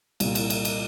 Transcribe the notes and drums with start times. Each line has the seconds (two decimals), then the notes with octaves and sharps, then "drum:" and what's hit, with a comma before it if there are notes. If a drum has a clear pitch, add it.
0.20 C2 A#2, drum: cymbal
0.35 drum: cymbal
0.50 drum: cymbal
0.65 drum: cymbal